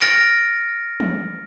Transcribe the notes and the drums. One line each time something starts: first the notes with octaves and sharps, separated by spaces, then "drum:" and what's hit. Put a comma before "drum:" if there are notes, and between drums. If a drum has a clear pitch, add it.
F6 A6 A#6 C#7 D7, drum: clap
drum: tom